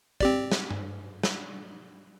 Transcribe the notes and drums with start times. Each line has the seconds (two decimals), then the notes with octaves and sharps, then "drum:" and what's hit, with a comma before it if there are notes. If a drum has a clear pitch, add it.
0.20 C4 G4 D5, drum: kick
0.52 drum: snare
0.71 drum: tom G2
1.23 drum: snare